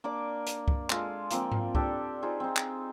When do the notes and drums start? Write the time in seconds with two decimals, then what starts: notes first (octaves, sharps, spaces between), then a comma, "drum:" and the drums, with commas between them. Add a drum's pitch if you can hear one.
0.04 A#3 D4 D5 D6
0.47 drum: hi-hat
0.68 drum: kick C2
0.90 G#3 F4 A4 F5, drum: clap
1.31 F3 A#3 C4, drum: hi-hat
1.52 drum: tom G#2
1.75 D4 G4 A4, drum: kick C2
2.22 D#4 F4 G#4 C5
2.40 C4 D#4
2.57 drum: clap